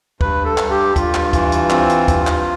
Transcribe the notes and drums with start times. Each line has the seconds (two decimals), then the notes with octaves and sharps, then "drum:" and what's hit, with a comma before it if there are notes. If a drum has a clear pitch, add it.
0.21 G2 B4, drum: kick
0.45 A4
0.58 G2, drum: clap
0.71 G4
0.96 G2 F4, drum: kick, hi-hat
1.14 drum: clap
1.33 E3, drum: kick, hi-hat
1.52 drum: hi-hat
1.70 C4, drum: clap
1.89 drum: hi-hat
2.08 G2, drum: kick, hi-hat
2.27 drum: clap